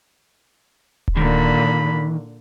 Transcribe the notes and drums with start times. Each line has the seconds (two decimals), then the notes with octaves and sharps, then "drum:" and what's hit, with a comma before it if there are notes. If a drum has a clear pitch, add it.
1.08 drum: kick D#1
1.17 A#2 D3 D#3 B5